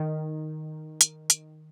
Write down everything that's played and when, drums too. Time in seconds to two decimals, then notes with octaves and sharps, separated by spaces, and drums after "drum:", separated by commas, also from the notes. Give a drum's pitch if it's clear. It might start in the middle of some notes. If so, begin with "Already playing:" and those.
Already playing: D#3
1.01 drum: hi-hat
1.30 drum: hi-hat